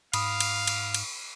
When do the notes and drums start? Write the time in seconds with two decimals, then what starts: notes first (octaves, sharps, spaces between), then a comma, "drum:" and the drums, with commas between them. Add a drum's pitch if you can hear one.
0.13 G#2 F5 B5 D#6, drum: cymbal
0.40 drum: cymbal
0.67 drum: cymbal
0.94 drum: cymbal